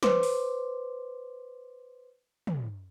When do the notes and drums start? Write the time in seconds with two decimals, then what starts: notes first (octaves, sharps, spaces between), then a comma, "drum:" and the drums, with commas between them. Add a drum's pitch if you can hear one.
0.03 B4 C5 C6 D6, drum: snare
0.23 drum: open hi-hat
2.47 drum: tom